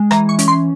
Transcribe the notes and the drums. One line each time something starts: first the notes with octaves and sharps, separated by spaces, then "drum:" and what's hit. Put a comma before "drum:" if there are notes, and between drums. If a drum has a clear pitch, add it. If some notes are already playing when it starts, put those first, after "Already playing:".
Already playing: G#3
E3 A#5, drum: rim click
C#6
C#4, drum: hi-hat
C6